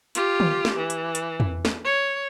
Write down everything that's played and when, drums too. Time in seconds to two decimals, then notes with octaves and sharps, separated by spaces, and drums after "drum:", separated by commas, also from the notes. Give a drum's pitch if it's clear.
0.15 F4 G4, drum: hi-hat
0.40 drum: tom D3
0.65 drum: snare
0.77 E3
0.90 drum: hi-hat
1.15 drum: hi-hat
1.40 drum: tom
1.65 drum: snare
1.84 C#5